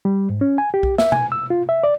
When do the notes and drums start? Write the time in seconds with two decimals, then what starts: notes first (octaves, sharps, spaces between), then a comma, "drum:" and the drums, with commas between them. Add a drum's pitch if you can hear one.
0.05 G3
0.30 G#2
0.41 C#4
0.58 G#5
0.74 G4
0.83 drum: kick B1
0.98 E5, drum: snare
1.12 G#5, drum: tom B2
1.32 E6
1.50 F4
1.69 E5
1.83 D5